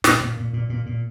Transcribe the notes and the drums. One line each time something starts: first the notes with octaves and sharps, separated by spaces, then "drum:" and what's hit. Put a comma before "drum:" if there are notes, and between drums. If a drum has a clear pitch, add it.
A#2, drum: snare
A#2
A#2
A#2
A#2
A#2